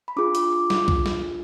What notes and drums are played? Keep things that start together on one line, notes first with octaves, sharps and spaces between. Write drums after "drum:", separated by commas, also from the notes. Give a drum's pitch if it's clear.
B5
D4 F4 G#4 D6
drum: hi-hat
D6
drum: snare
drum: kick
drum: snare